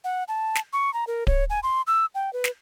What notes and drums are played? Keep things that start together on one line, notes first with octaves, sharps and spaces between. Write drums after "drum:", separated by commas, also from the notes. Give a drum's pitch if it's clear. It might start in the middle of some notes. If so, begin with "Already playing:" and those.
F#5
A5
drum: snare
C#6
A#5
A#4
C#5, drum: kick D1
G#5
C6
E6
G5
B4
drum: snare